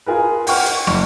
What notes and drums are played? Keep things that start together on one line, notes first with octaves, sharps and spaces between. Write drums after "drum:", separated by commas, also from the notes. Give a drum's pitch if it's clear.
F4 G#4 A#4 B4
F#5 G5 C#6 F6, drum: open hi-hat
drum: hi-hat
F#1 C#6, drum: rim click